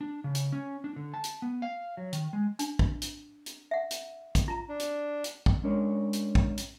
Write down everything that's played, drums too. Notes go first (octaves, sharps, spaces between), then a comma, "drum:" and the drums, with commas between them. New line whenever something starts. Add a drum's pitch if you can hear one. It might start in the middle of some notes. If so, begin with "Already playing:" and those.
D4
C#3
drum: hi-hat
C#4
D4
D3
A5
drum: hi-hat
B3
F5
F#3
D#3, drum: hi-hat
G#3
D4, drum: hi-hat
drum: kick
drum: hi-hat
drum: hi-hat
E5 F#5
drum: hi-hat
drum: kick, hi-hat
F4 A#5
D4
drum: hi-hat
drum: hi-hat
drum: kick
G#3 C#4 D4 A#4 C#5
drum: hi-hat
drum: kick
drum: hi-hat